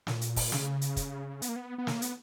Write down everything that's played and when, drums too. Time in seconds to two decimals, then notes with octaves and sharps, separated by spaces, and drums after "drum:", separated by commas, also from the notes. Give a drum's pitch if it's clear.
0.07 A#2, drum: snare
0.21 drum: hi-hat
0.36 drum: kick, open hi-hat
0.52 C#3, drum: snare
0.81 drum: hi-hat
0.96 drum: kick, hi-hat
1.42 B3, drum: hi-hat
1.49 A#3
1.56 B3
1.78 B3
1.87 A#3, drum: snare
2.02 B3, drum: hi-hat